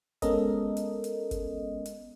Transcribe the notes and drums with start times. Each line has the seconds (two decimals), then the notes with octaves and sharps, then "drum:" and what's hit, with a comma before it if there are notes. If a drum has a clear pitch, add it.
0.22 G#3 B3 C#4 A4 A#4 D#5, drum: kick G1, hi-hat
0.77 drum: hi-hat
1.04 drum: hi-hat
1.31 drum: kick G1, hi-hat
1.86 drum: hi-hat